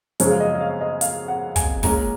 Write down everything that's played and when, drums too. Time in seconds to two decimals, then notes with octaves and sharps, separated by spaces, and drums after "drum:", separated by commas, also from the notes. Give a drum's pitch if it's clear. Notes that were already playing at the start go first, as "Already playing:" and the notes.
0.20 F#2 C#3 F3 G#3 C#5, drum: hi-hat
0.31 F5
0.40 D#5
0.55 D#5
0.61 F5
0.81 D#5
1.01 F5, drum: hi-hat
1.28 F#5
1.56 G#5, drum: kick, hi-hat
1.83 A#2 G#3 C#4 A#5, drum: kick, open hi-hat